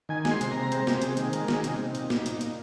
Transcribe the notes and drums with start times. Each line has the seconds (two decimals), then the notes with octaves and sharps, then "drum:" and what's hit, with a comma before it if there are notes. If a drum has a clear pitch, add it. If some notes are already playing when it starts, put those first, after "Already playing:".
0.09 D#3 G#5
0.25 G#3, drum: snare
0.31 C6
0.41 C3, drum: hi-hat
0.51 C3 A#5
0.72 G#3 C5, drum: hi-hat
0.87 C3, drum: snare
1.02 C3 G#4, drum: hi-hat
1.17 D#3, drum: hi-hat
1.33 G#3 A#4, drum: hi-hat
1.48 D#3 G#4, drum: snare
1.64 C3, drum: hi-hat
1.75 C3 D#4
1.95 A#2, drum: hi-hat
2.10 A#2, drum: snare
2.26 A#2, drum: hi-hat
2.41 A#2, drum: hi-hat